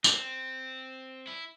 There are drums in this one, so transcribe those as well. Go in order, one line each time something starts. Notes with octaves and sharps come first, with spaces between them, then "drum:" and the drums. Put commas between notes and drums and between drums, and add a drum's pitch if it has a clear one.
C4, drum: tambourine
E4